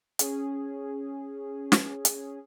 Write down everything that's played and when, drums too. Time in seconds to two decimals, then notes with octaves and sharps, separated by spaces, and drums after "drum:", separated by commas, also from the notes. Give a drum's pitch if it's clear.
0.19 C#4 G#4, drum: hi-hat
1.72 drum: snare
2.05 drum: hi-hat